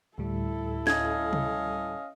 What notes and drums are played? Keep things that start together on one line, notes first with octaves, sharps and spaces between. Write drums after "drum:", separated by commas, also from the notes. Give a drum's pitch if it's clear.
D2 A2 G3 E4 A4
C#4 D#5 F5 G#6, drum: snare
drum: tom C3